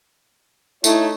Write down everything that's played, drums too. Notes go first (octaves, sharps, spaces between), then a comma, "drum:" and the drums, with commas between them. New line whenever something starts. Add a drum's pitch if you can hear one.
A3 D#4 E4 C#5, drum: tambourine